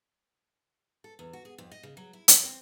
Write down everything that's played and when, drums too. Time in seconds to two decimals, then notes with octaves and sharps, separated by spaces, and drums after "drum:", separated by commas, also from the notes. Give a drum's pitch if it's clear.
1.04 A4
1.19 E2
1.33 F#4
1.45 G#4
1.58 F2
1.72 D#5
1.83 C#3
1.97 F#3
2.13 E4
2.28 F2, drum: hi-hat
2.44 C4